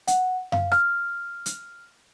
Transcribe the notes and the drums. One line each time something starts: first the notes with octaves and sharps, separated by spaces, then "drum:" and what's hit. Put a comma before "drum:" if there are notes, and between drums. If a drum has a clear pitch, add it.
F#5, drum: hi-hat
F5, drum: tom F#2
F6, drum: rim click
drum: hi-hat